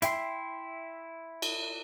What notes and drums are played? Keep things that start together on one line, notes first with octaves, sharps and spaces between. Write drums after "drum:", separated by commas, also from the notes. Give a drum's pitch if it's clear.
E4 E5 G5 C6, drum: hi-hat
drum: cymbal